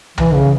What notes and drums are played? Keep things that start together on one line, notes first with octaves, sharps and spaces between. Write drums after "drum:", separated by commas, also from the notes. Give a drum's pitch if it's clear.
E3, drum: tom B1
C#3